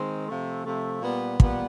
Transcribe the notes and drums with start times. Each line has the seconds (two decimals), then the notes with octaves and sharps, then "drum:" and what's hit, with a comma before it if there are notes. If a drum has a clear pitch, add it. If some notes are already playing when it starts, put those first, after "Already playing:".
Already playing: D#3 G#3 C4
0.26 C3 F3 A3
0.64 C3 F3 A3
1.02 A#2 G3 B3
1.40 A#2 G3 B3, drum: kick